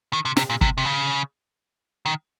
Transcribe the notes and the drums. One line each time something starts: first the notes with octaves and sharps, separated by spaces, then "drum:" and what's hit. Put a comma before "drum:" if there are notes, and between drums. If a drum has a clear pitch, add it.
D#3
C3
C3, drum: snare
A#2
C3, drum: kick
C3
C#3
D#3